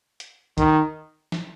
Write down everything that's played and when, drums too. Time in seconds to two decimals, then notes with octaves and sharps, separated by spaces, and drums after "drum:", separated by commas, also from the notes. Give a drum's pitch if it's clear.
0.20 drum: hi-hat
0.58 D#3, drum: kick, hi-hat
1.32 drum: snare